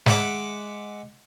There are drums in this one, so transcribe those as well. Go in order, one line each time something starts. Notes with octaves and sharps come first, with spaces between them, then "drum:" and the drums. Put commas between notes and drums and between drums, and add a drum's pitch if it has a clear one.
G#3 E5 F#5 D6, drum: snare